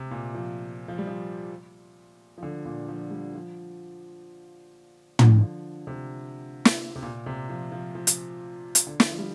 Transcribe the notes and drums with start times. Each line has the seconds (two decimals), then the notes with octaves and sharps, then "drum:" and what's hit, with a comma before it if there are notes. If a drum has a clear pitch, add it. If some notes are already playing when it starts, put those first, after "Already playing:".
Already playing: C3
0.11 A#2
0.35 F3
0.88 F3
0.98 G3
1.07 F3
2.38 F3
2.43 D3
2.65 A#2
2.88 F3
3.11 G3
3.34 F3
5.19 D3, drum: tom
5.41 F3
5.87 C3
6.65 drum: snare
6.95 C3
7.02 A#2
7.26 C3
7.49 F3
7.72 F3
7.95 F3
8.07 drum: hi-hat
8.75 drum: hi-hat
8.87 D3
9.00 drum: snare
9.11 F3
9.18 G3